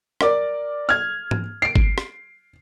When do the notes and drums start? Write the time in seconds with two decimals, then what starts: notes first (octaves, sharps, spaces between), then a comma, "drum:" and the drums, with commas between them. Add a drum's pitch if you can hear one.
0.21 A#4 D5 D6, drum: rim click
0.89 F6 G#6
1.31 drum: tom G#2
1.62 C7 D7
1.76 drum: kick G1
1.98 drum: rim click